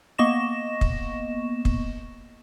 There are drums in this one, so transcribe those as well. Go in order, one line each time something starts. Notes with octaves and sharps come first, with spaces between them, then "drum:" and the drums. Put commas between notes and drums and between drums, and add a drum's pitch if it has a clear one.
A#3 B3 D#5 C#6 A#6 E7
drum: kick
drum: kick